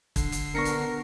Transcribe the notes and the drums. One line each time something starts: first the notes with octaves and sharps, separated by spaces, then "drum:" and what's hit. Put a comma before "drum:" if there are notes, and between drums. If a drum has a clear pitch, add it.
D3 C7, drum: kick, hi-hat
drum: hi-hat
B3 D4 A#4 C#6 A#6 C#7
drum: hi-hat